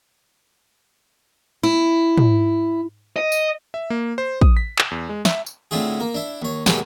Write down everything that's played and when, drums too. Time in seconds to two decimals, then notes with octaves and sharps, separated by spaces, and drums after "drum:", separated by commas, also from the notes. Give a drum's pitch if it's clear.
1.63 E4
2.18 drum: tom
3.16 D#5
3.32 drum: tambourine
3.74 E5
3.90 A#3
4.18 C5
4.41 D#6, drum: kick
4.57 B6
4.78 E7, drum: clap
4.91 E2
5.09 G#3
5.25 E5, drum: snare
5.46 drum: tambourine
5.71 A2 D3 C4 E4 F4 G#4
6.00 A#3
6.14 D4 E4
6.42 D#2 C#5
6.66 D#2 B2 F#3 G#3 G4 B5, drum: snare